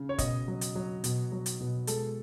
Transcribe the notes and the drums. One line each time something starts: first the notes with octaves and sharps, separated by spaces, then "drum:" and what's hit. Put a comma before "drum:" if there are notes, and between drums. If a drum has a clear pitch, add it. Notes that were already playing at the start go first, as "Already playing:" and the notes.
Already playing: C#3
C#5
B2 D#5, drum: kick, hi-hat
F#3
drum: hi-hat
F#3
B2, drum: hi-hat
F#3
drum: hi-hat
B2
G#3 A4, drum: hi-hat